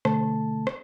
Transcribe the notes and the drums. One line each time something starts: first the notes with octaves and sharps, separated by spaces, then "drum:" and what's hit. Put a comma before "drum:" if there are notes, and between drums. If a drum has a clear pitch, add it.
B2 D3 A3 A5, drum: rim click
drum: rim click